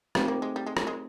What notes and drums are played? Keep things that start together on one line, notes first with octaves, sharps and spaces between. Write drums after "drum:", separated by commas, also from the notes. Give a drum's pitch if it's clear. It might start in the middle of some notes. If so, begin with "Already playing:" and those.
A3 B3 C4 D#4 G4, drum: rim click
A#3
G#3
G3
G#3
G#3, drum: rim click
G#3